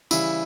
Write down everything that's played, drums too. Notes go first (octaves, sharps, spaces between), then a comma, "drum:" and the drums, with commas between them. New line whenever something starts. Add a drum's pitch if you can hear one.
C#3 E3 G3 E4, drum: tambourine